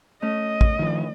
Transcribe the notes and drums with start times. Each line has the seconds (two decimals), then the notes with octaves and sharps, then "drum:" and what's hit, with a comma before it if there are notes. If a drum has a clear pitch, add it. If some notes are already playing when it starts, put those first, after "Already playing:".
0.22 A3 C#4 D#5
0.61 drum: kick A1
0.79 D#3 F3